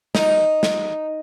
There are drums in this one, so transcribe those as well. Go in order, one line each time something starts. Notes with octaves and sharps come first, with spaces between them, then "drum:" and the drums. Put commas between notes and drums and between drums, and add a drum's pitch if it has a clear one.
D#4, drum: snare
drum: snare